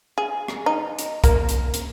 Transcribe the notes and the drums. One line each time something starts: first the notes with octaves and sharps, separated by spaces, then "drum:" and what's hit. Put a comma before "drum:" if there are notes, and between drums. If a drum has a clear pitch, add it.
G#4
drum: rim click
D#4
drum: hi-hat
A#3, drum: kick, hi-hat
drum: hi-hat
drum: hi-hat